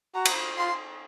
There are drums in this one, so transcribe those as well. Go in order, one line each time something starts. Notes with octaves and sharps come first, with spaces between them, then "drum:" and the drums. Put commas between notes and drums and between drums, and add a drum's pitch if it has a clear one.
F#4 A#5
drum: cymbal
F4 C6